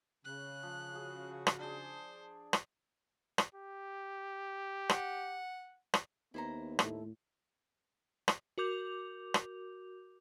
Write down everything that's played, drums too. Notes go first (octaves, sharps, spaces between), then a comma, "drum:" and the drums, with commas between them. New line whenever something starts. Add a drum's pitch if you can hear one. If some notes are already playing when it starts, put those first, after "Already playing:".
C#3 F#6
F3
F#4 G#4
drum: rim click
D4 G#4 C5
drum: rim click
drum: rim click
G4
F#5, drum: rim click
drum: rim click
D#2 B3 E4 C5 A#5
A2 A3, drum: rim click
drum: rim click
F#4 A#4 D6 G6 F7
drum: rim click